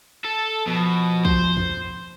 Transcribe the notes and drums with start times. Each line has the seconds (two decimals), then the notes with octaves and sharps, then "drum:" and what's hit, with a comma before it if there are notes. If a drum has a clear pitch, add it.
0.24 A4
0.67 B2 F3
1.25 C5, drum: kick
1.57 drum: tom E2